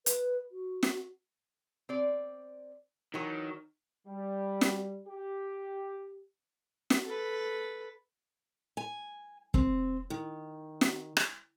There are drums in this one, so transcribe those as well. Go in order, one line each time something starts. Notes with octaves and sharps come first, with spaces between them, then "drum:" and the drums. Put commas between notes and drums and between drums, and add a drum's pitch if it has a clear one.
B4, drum: hi-hat
F#4
drum: snare
C4 D5
D#3 E3 F#3 C#5
G3
drum: snare
G4
drum: snare
A4 B4
G#5
C4, drum: kick
D#3
drum: snare
drum: rim click